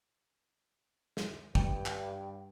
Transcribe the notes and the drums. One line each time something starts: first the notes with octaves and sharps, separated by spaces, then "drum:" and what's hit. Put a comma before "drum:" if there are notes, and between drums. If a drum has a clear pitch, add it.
drum: snare
G2 G5, drum: kick
drum: clap